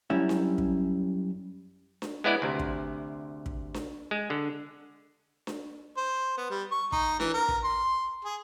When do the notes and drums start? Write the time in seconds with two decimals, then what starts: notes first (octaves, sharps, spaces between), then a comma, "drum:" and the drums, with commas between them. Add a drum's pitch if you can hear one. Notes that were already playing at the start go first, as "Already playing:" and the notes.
0.10 F#2 G3 C#4 E4
0.29 drum: snare D4
0.58 drum: kick
2.02 drum: snare D4
2.24 G#3 B3 E4 D5
2.42 D2 C3
2.59 drum: kick
3.46 drum: kick
3.74 drum: snare D4
4.11 G#3
4.30 D3
5.47 drum: snare D4
5.97 C5
6.38 B3
6.50 G3
6.72 C#6
6.92 D#4, drum: kick
7.20 E3, drum: snare D4
7.34 A#4
7.48 drum: kick
7.64 C6
8.25 G#4